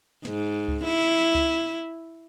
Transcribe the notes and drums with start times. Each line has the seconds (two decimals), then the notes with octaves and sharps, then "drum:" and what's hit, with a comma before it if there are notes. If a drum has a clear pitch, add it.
0.25 G#2, drum: snare
0.68 drum: kick C#2
0.84 E4
1.35 drum: kick C#2